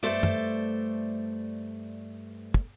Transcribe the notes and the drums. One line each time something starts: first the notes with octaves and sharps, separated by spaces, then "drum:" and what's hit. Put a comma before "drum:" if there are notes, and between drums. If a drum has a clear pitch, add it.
G2 A3 A4 C5 D5
drum: tom
drum: kick